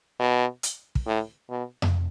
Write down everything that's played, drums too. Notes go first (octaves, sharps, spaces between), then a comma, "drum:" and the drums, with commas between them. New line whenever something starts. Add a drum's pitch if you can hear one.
B2
drum: hi-hat
drum: kick
A2
B2
drum: tom F2